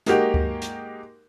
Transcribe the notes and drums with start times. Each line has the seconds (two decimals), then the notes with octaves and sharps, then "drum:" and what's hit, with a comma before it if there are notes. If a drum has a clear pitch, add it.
0.06 G#3 A#3 D#4 F#4 G4 A#4, drum: hi-hat
0.34 drum: kick D2
0.62 drum: hi-hat